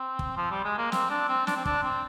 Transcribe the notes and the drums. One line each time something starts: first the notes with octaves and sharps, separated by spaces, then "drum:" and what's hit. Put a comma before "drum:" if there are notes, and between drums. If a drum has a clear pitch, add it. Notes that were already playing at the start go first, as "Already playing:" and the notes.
Already playing: C4
drum: kick
F3
G3
G#3
A#3
C4, drum: snare
D4
C4
D4, drum: snare
C4
D4, drum: kick
C4